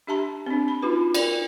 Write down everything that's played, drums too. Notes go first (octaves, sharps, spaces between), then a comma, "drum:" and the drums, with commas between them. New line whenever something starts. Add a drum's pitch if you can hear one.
D4 G4 E5 A5 A#5 C6
C4 D4
B5
D#4 F4 F#4 B4
A#4 D5, drum: cymbal